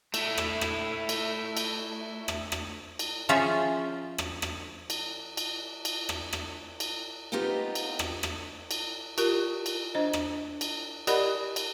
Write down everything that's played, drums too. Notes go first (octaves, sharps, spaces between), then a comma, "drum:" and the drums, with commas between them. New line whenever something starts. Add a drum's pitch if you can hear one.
A3 E4, drum: cymbal
drum: rim click
drum: rim click
drum: cymbal
drum: cymbal
drum: rim click
drum: rim click
drum: cymbal
F3 C#4 F4 G#4 E5
drum: rim click
drum: rim click
drum: cymbal
drum: cymbal
drum: cymbal
drum: rim click
drum: rim click
drum: cymbal
B3 C4 D#4 F4 G4 B4
drum: cymbal
drum: rim click
drum: rim click
drum: cymbal
F4 G4 A#4, drum: cymbal
drum: cymbal
D4 C5 D#5
drum: rim click
drum: cymbal
G4 A#4 D5 D#5 F#5 B5, drum: cymbal
drum: cymbal